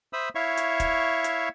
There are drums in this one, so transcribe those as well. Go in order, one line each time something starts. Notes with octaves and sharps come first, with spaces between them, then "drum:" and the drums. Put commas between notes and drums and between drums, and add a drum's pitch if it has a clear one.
C5 E5 B5 D#6 E6
E4 C#5 E5 F5 C#6
drum: hi-hat
drum: kick, hi-hat
drum: hi-hat